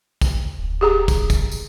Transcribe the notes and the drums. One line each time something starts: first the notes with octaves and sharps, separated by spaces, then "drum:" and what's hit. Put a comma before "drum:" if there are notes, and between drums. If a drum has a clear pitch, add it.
D2, drum: kick, tambourine
D#1
G4 G#4 A#5
drum: kick, tambourine
drum: kick, tambourine
drum: tambourine